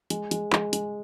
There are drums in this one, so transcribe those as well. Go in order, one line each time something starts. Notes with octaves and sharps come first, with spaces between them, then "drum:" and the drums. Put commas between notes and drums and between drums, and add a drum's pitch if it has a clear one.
G#3, drum: hi-hat
G#3, drum: hi-hat
G#3, drum: clap
G#3, drum: hi-hat